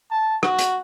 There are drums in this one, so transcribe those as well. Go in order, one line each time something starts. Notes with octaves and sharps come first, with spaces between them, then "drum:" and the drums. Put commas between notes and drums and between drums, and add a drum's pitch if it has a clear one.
A5
F#4, drum: rim click
drum: hi-hat